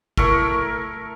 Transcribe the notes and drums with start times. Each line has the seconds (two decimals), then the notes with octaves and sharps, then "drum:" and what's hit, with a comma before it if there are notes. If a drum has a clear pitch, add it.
0.17 A3 E4 A#4 C#6, drum: kick G#1